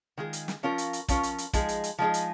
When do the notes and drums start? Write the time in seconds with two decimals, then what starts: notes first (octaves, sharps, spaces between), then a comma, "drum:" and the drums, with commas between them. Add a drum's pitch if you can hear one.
0.18 D#3 G#3 F4 G#4
0.33 drum: hi-hat
0.48 drum: snare
0.63 F3 C#4 F4 A#4
0.78 drum: hi-hat
0.93 drum: hi-hat
1.08 F3 C#4 F4 A#4, drum: kick, hi-hat
1.23 drum: hi-hat
1.38 drum: hi-hat
1.53 F3 G#3 D#4 G#4, drum: kick, hi-hat
1.69 drum: hi-hat
1.84 drum: hi-hat
1.98 F3 G#3 D#4 G#4
2.14 drum: hi-hat